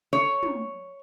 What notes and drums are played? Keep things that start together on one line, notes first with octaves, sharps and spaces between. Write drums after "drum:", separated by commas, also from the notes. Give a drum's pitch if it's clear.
C#5
drum: tom